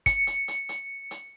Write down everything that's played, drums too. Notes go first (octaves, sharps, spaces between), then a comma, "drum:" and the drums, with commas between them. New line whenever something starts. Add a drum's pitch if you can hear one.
C#7, drum: kick, hi-hat
drum: hi-hat
drum: hi-hat
drum: hi-hat
drum: hi-hat